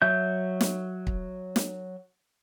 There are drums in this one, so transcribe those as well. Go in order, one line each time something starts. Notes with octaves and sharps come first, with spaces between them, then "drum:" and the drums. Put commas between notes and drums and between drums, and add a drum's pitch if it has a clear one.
F#3 E5 G6
drum: snare
drum: kick
drum: snare